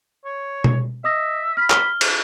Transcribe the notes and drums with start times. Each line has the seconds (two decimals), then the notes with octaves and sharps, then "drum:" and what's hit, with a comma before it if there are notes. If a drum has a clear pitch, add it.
0.25 C#5
0.64 drum: tom B2
1.04 D#5 E5 D#6 A#6
1.57 B5 F6 B6
1.70 F6 G7, drum: clap
2.01 D4, drum: cymbal